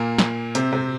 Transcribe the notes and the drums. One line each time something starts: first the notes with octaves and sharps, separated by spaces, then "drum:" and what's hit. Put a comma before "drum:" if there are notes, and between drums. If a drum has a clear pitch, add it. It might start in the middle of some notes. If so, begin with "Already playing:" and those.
Already playing: A#2 A#3
drum: snare
C3 C4, drum: hi-hat
C3 C4